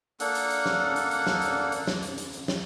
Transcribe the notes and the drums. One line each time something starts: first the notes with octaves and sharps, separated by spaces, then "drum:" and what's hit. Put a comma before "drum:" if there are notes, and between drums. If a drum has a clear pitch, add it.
A#3 D4 A4 F#5, drum: hi-hat
drum: hi-hat
drum: hi-hat
drum: snare
drum: hi-hat
drum: hi-hat
drum: snare
drum: hi-hat
drum: hi-hat
drum: snare
drum: hi-hat
drum: hi-hat
drum: hi-hat
drum: snare